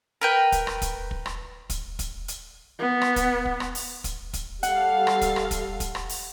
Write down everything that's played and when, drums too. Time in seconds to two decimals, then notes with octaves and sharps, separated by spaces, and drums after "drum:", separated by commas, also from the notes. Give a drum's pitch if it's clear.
0.21 A#4 B4 G5
0.52 drum: kick, hi-hat
0.67 drum: rim click
0.82 drum: kick, hi-hat
1.11 drum: kick
1.26 drum: rim click
1.70 drum: kick, hi-hat
1.99 drum: kick, hi-hat
2.28 drum: hi-hat
2.79 B3
3.02 drum: rim click
3.16 drum: kick, hi-hat
3.46 drum: kick
3.60 drum: rim click
3.75 drum: open hi-hat
4.04 drum: kick, hi-hat
4.33 drum: kick, hi-hat
4.63 G3 A4 F5 F#5, drum: hi-hat
5.07 drum: rim click
5.21 drum: kick, hi-hat
5.36 drum: rim click
5.51 drum: kick, hi-hat
5.80 drum: kick, hi-hat
5.95 drum: rim click
6.09 drum: open hi-hat